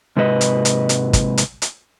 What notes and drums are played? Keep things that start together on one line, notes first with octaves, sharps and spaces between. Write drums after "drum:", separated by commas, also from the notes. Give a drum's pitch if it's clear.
G#2 C3 G#3 B4 D#5
drum: hi-hat
drum: hi-hat
drum: hi-hat
drum: kick, hi-hat
drum: hi-hat
drum: hi-hat